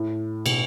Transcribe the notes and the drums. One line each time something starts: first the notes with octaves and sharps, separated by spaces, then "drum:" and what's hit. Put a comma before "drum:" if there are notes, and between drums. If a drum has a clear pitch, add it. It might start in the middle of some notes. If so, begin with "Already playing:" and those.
Already playing: A2
B2, drum: cymbal